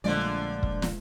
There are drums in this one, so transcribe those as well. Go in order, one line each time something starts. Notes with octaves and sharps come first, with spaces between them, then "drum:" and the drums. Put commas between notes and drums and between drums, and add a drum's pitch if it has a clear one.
A#1 D3 F3 G#3 A3 D5
drum: kick
drum: snare